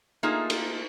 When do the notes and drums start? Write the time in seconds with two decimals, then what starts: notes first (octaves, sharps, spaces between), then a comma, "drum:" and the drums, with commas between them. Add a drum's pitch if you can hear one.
0.23 A3 A#3 D#4 F4 G#4
0.50 drum: cymbal